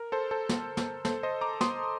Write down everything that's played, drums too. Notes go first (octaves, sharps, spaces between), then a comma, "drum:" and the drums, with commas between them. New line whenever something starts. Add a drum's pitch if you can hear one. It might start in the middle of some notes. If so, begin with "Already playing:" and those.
Already playing: A#4
A4 C5
A4 C5
drum: snare
drum: snare
A4 C5, drum: snare
C5 D#5
A#5 D6
C6 D#6, drum: snare